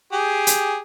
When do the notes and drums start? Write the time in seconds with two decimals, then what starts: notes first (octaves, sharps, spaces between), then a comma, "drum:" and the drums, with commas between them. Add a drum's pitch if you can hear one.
0.13 G4 G#4
0.47 drum: hi-hat